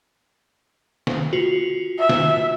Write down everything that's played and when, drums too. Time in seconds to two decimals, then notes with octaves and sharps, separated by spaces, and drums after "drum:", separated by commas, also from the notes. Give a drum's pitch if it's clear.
1.07 drum: snare
1.33 F4 F#4
1.99 E5
2.09 drum: snare